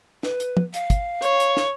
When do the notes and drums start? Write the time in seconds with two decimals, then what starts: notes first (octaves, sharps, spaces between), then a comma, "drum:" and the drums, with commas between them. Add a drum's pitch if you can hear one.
0.23 B4, drum: snare
0.40 drum: hi-hat
0.57 drum: tom
0.74 F5, drum: hi-hat
0.90 drum: kick, hi-hat
1.22 C#5, drum: hi-hat
1.40 drum: hi-hat
1.57 drum: snare